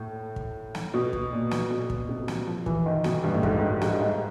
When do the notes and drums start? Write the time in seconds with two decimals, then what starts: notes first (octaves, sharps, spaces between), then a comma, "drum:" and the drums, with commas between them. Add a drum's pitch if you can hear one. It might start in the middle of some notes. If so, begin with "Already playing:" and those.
Already playing: A2
0.36 drum: kick
0.75 drum: snare
0.94 B2
1.13 drum: kick
1.32 A#2
1.51 drum: snare
1.70 B2
1.90 drum: kick
2.09 C3
2.28 drum: snare
2.47 F3
2.66 E3, drum: kick
2.86 D#3
3.04 B2, drum: snare
3.24 G2
3.35 A2
3.43 G#2, drum: kick
3.62 G2
3.81 G2, drum: snare
4.01 G#2